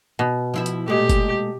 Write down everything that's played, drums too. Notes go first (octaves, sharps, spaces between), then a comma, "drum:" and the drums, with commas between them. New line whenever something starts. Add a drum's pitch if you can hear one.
B2
F3 E4 E5
drum: hi-hat
A#2 G#3 A3 G4
drum: kick F#1, hi-hat